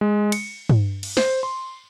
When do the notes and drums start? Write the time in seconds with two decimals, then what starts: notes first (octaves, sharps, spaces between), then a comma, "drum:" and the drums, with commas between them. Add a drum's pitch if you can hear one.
0.01 G#3
0.32 C#7, drum: cymbal
0.69 drum: tom
1.03 drum: cymbal
1.17 C5, drum: snare
1.43 C6